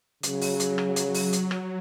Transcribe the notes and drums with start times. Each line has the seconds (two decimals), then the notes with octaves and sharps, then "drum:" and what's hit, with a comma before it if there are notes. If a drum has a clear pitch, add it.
0.23 C#3 F#3, drum: hi-hat
0.41 drum: open hi-hat
0.60 drum: hi-hat
0.78 drum: rim click
0.96 drum: hi-hat
1.14 drum: open hi-hat
1.33 drum: hi-hat
1.51 drum: rim click